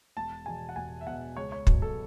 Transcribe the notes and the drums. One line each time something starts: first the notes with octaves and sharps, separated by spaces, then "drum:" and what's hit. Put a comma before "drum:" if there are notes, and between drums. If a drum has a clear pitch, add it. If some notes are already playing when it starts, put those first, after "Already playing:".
E1 A5
E2 B2 G#5
F#5
E1 G#5
E5
E2 B2 F#5
C#2 C#5
C#5
B2 F#3, drum: kick
A4